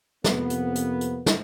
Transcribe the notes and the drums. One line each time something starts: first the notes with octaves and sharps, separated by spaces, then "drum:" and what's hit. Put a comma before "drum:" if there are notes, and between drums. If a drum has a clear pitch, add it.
F2 C3 A#3 B3, drum: snare
drum: hi-hat
drum: hi-hat
drum: hi-hat
drum: snare